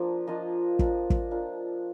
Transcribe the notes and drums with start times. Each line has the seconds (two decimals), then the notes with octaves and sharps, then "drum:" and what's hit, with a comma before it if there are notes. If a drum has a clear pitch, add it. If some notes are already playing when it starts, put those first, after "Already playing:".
Already playing: F3 A#3 D4 F4 C5 D5
0.27 F3 A#3 D4 F4 D#5 F5
0.79 A#3 D4 F4, drum: kick
1.10 drum: kick
1.31 A#3 D4 F4